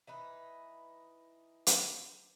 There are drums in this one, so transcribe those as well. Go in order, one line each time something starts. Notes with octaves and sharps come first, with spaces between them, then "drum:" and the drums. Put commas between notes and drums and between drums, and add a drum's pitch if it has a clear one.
E3 D#4 B4
drum: hi-hat